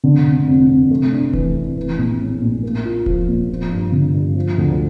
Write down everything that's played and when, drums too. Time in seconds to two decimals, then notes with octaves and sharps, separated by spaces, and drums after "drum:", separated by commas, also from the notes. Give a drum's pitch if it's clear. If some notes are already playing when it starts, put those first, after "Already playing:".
0.04 D3
0.26 F1
0.48 F2
0.69 F1
0.91 A3
1.12 D4
1.33 E3, drum: kick D#1
1.55 F2
1.77 E3
1.98 A#1
2.20 A2
2.41 A#1
2.63 A#3
2.85 F4
3.06 F3, drum: kick D#1
3.28 A#2
3.50 F3
3.71 G2
3.92 D3
4.14 G2
4.36 F3
4.58 D2